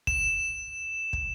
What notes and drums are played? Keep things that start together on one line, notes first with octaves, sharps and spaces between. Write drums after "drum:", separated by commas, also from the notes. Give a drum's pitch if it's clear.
E7, drum: kick
drum: kick